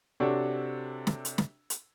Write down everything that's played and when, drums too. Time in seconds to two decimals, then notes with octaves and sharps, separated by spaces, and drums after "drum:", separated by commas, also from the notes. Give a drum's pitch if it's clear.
0.20 C3 D4 F#4 A4 C#5
1.07 drum: snare
1.25 drum: hi-hat
1.38 drum: snare
1.70 drum: hi-hat